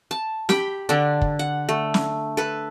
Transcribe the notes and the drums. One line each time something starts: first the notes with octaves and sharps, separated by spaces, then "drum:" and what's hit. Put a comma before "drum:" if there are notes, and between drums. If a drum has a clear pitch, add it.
A5
G4 G5 B5, drum: snare
D3 D4
drum: kick
F#5
A3
drum: snare
A4 B4